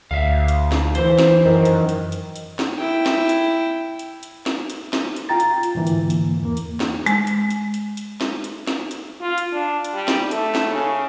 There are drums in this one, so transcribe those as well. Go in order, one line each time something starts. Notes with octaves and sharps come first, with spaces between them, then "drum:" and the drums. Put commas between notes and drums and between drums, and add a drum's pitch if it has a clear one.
D2 E5 F5
drum: hi-hat
drum: snare
E3 C5, drum: hi-hat
drum: snare
F#2 D#3
drum: hi-hat
drum: hi-hat
drum: hi-hat
drum: hi-hat
drum: snare
E4 G5
drum: snare
drum: hi-hat
drum: hi-hat
drum: hi-hat
drum: snare
drum: hi-hat
drum: snare
drum: hi-hat
F4 G5 A#5 A6
drum: hi-hat
drum: hi-hat
G#2 D3 E3 A#3
drum: hi-hat
drum: hi-hat
E2 A#3
drum: hi-hat
drum: snare
G#3, drum: hi-hat
drum: hi-hat
drum: hi-hat
drum: hi-hat
drum: hi-hat
drum: snare
drum: hi-hat
drum: snare
drum: hi-hat
F4
drum: hi-hat
D4
drum: hi-hat
G3
drum: snare
A3, drum: hi-hat
drum: snare
C#3